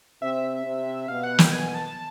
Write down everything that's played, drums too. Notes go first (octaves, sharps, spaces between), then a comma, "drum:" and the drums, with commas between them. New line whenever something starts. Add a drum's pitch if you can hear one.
C3 C4 E5
C3 C4
B2 B3 F5
F#5
G5, drum: snare
G#5
A5